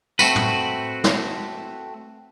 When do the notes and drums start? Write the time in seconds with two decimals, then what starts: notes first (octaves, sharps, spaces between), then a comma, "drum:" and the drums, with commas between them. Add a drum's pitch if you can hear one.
0.19 A3 C4 F#4 B4, drum: tambourine
0.36 drum: tom
1.04 drum: snare